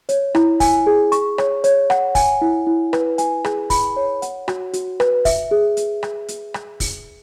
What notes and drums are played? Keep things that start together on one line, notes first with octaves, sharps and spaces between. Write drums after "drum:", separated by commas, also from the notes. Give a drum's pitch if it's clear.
C#5, drum: hi-hat
E4, drum: rim click
G#5, drum: kick, open hi-hat
G#4
C#6, drum: hi-hat
C#5, drum: rim click
C#5, drum: hi-hat
F#5, drum: rim click
G#5, drum: kick, open hi-hat
E4
E4
B4, drum: rim click
G#5, drum: hi-hat
G#4, drum: rim click
B5, drum: kick, open hi-hat
C#5
F#5, drum: hi-hat
F#4, drum: rim click
F#4, drum: hi-hat
B4, drum: rim click
E5, drum: kick, open hi-hat
G#4
drum: hi-hat
drum: rim click
drum: hi-hat
drum: rim click
drum: kick, open hi-hat